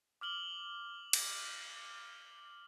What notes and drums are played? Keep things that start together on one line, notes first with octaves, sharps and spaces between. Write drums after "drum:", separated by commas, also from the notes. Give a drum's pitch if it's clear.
D6 F6 F#7 G7
drum: cymbal